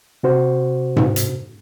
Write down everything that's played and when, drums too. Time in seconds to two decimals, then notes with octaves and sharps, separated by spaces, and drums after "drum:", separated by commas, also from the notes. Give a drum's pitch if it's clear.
0.23 C3 F#4 C5
0.96 drum: tom G#2
1.16 drum: hi-hat